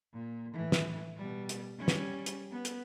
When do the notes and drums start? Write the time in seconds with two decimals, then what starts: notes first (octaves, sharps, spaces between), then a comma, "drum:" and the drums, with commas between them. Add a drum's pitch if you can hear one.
0.13 A#2
0.53 A2 E3
0.72 drum: snare
1.17 B2 G3
1.49 drum: hi-hat
1.79 G3 C#4
1.88 drum: snare
2.26 drum: hi-hat
2.51 B3
2.65 drum: hi-hat